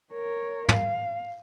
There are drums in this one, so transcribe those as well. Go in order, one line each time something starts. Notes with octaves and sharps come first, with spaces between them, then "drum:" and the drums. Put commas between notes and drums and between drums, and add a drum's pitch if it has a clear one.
A#4 C#5
F5, drum: tom